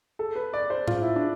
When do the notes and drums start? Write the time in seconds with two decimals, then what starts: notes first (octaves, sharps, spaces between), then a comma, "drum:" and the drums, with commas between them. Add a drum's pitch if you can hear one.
0.19 A4
0.36 B4
0.54 D5
0.70 C5
0.88 F4, drum: tom A2
1.02 E4
1.16 D4